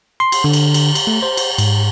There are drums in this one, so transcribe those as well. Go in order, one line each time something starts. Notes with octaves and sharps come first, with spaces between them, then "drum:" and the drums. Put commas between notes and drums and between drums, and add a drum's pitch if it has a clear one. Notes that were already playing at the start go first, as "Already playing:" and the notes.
C6
drum: cymbal
D3
drum: cymbal
drum: cymbal
drum: cymbal
A3
C5
drum: cymbal
G#2, drum: cymbal